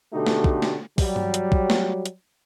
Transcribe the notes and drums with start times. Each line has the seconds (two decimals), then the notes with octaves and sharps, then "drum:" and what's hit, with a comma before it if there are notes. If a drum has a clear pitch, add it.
0.13 B2 D3 A3 D#4 F#4 G4
0.26 drum: snare
0.44 drum: kick
0.62 drum: snare
0.98 F#3 G3, drum: kick, open hi-hat
1.16 drum: tom G2
1.34 drum: hi-hat
1.52 drum: kick
1.70 drum: snare
2.06 drum: hi-hat